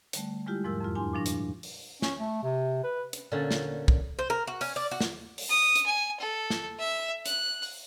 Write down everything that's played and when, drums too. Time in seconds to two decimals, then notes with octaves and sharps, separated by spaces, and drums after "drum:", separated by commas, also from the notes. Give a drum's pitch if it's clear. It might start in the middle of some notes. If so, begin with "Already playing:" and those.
0.13 D3 G3 A3, drum: hi-hat
0.46 G3 G#3 E4 F4 G4
0.64 E2 G#2 F3 A#4 E6
0.81 F2 G#2 F4
0.95 D4 E4 G4 G#5 C6
1.13 A#2 C#3 F3 D4 C#6 A#6
1.26 drum: hi-hat
1.63 drum: open hi-hat
2.02 C#4, drum: snare
2.19 A3
2.43 C3
2.84 B4
3.13 drum: hi-hat
3.32 A#2 D3 C#4
3.51 drum: snare
3.88 drum: kick
4.19 C5
4.30 A#4
4.47 F#4
4.61 C#4, drum: open hi-hat
4.76 D5
4.91 F#4
5.01 drum: snare
5.38 drum: open hi-hat
5.49 D#6
5.75 drum: hi-hat
5.86 G#5
6.20 A4
6.50 drum: snare
6.79 E5
7.26 F#6, drum: hi-hat
7.63 drum: open hi-hat